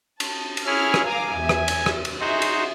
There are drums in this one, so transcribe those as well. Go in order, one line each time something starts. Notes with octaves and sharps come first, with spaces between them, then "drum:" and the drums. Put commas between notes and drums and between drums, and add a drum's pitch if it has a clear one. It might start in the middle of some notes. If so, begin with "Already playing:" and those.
A5, drum: cymbal
drum: cymbal
C#4 E4 G#4 F6
drum: rim click
F5 G#5 A#5 D6
E2 E5
drum: rim click
drum: cymbal
drum: rim click
drum: cymbal
D#4 F#4 G#4 C5 E5
drum: cymbal